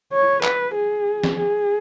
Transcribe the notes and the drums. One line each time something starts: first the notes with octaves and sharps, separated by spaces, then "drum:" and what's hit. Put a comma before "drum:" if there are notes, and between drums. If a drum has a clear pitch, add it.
C#5
B4, drum: clap
G#4
drum: snare
G#4